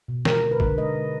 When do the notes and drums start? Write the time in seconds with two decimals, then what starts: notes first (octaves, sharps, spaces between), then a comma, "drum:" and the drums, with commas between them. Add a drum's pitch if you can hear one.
0.08 B2
0.25 G#3 A#4, drum: snare
0.43 D3
0.51 B4
0.60 D3, drum: kick
0.78 G#3 D#5
0.95 G#3